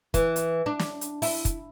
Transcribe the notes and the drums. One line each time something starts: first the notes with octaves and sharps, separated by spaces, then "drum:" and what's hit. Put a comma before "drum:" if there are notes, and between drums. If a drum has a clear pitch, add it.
E3, drum: kick, hi-hat
drum: hi-hat
D4
drum: snare
drum: hi-hat
E4, drum: open hi-hat
drum: kick, hi-hat